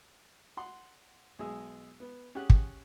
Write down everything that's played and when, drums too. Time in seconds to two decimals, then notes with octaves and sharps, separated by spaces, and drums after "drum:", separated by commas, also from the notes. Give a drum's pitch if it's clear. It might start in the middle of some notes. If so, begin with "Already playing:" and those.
0.57 F#5 C6
1.39 B1 G#3 G#4 E6
2.00 B3
2.35 C#4 G4 G#4 F#5 F#6
2.50 drum: kick